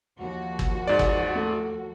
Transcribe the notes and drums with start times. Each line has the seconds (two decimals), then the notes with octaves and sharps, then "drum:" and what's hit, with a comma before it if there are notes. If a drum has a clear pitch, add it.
0.19 D#2 F3 F#4
0.59 drum: kick G1
0.87 G#2 D5
0.99 drum: kick G1
1.35 A3 A4